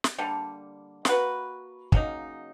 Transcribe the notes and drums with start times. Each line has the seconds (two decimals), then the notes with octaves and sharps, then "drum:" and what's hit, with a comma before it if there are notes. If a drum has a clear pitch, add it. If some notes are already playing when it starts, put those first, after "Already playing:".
0.04 drum: snare
0.18 D3 G3 A#3
1.05 A#3 C#4 F#4 B4, drum: snare
1.92 C#3 F#3 A#3 D#4, drum: kick